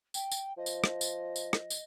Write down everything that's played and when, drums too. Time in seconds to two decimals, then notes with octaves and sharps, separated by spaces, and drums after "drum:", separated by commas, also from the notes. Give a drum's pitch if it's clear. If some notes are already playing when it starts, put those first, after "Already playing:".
0.14 G5, drum: tambourine
0.32 drum: tambourine
0.57 F3 D#5
0.66 drum: tambourine
0.84 drum: rim click
1.01 drum: tambourine
1.36 drum: tambourine
1.53 drum: rim click
1.70 drum: tambourine